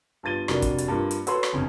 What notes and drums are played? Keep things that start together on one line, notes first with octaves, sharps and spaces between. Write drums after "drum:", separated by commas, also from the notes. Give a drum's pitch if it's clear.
G2 B3 F4 A6 D#7 G7
F1 F#3 D4 A#4 G7, drum: rim click
drum: kick, hi-hat
drum: hi-hat
G2 A#3 F4
drum: hi-hat
F#4 A4 B4 C#5 C6, drum: hi-hat
drum: rim click
G1 F2 C#3